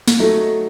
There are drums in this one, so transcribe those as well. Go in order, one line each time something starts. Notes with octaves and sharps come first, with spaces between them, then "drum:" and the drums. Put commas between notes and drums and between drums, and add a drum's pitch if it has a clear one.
drum: snare
F#3 A3 D#4 A4